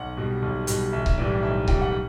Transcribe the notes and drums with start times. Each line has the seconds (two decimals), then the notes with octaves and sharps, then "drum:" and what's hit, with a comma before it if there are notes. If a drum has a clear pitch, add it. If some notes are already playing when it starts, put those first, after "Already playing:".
Already playing: B1 F#5
0.17 B2 G3
0.42 B1
0.67 B2 G3, drum: hi-hat
0.93 B1 E5
1.06 E5, drum: kick C#1
1.18 A2 E3 G3 D5
1.43 B1 E5
1.68 A2 E3 G3 G5, drum: kick C#1
1.82 F#5